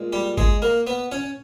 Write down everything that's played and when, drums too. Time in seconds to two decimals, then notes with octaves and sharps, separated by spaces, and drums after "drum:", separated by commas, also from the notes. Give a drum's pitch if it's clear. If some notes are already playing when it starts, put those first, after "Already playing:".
Already playing: A#2 G#3
0.13 G3 G4
0.37 G#3 G#4, drum: kick G#1
0.62 A#3 A#4
0.87 B3 B4
1.12 C#4 C#5